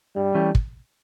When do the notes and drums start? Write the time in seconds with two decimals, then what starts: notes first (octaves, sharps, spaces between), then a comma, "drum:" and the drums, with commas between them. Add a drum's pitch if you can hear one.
0.16 G2 G3
0.35 E3 A3 C#4 G4
0.55 drum: kick